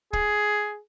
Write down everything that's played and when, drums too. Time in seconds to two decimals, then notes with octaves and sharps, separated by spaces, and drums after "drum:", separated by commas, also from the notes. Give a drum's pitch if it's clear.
0.13 G#4, drum: kick